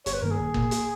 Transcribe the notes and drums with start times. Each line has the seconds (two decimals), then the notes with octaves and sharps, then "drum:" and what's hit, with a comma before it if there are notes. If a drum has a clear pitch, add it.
0.06 G1 C#5, drum: hi-hat
0.14 B4
0.22 G2 D#3 A#3 A#4
0.31 G#4
0.39 A#1
0.54 A#2 A#3, drum: kick
0.71 drum: hi-hat